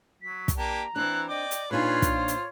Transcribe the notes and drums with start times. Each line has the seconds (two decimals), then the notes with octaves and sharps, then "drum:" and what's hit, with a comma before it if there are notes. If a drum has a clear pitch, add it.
0.22 F#3 B6
0.48 drum: kick, hi-hat
0.58 A#3 D4 G4 A#5
0.96 E3 C4 D4 F#6
1.29 D5 D#5 G5 D6
1.51 drum: hi-hat
1.71 A#2 D4 D#4 F4 G#4 B4 C#5
2.02 drum: kick, hi-hat
2.16 C5
2.28 drum: hi-hat